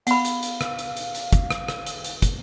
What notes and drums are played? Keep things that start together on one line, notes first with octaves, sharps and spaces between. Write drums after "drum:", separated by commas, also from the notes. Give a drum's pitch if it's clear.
B3 F5 F#5 B5, drum: hi-hat
drum: hi-hat
drum: hi-hat
drum: rim click
drum: hi-hat
drum: hi-hat
drum: hi-hat
drum: kick, hi-hat
drum: rim click
drum: rim click
drum: hi-hat
drum: hi-hat
drum: kick, hi-hat